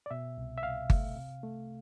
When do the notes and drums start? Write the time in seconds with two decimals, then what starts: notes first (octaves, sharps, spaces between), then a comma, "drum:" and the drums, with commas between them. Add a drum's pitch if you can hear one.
0.06 D5
0.11 B2 E5
0.38 C2
0.58 E5
0.63 C2 F5
0.90 A3, drum: kick G1
1.16 C3
1.43 A3